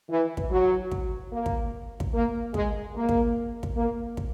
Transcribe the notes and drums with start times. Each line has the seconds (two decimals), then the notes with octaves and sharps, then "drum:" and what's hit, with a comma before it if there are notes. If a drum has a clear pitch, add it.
0.10 E3
0.37 drum: kick
0.51 F#3
0.92 drum: kick
1.32 A#3
1.46 drum: kick
2.00 drum: kick
2.14 A#3
2.54 G#3, drum: kick
2.95 A#3
3.09 drum: kick
3.63 drum: kick
3.77 A#3
4.17 drum: kick